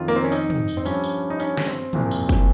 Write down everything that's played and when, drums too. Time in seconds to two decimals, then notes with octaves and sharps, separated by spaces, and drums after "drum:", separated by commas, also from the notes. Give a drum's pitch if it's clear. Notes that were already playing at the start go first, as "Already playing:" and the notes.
Already playing: F2 D#3 F4
0.08 A#3
0.16 C4
0.24 C#4
0.32 D#4, drum: tambourine
0.50 drum: tom
0.68 drum: tambourine
0.77 C4
0.85 G2 F3 C#4, drum: tambourine
1.04 drum: tambourine
1.30 D#4
1.40 C#4, drum: tambourine
1.57 drum: snare
1.67 C4
1.93 C2 A#2 F3, drum: tom
2.11 drum: tambourine
2.29 drum: kick, tambourine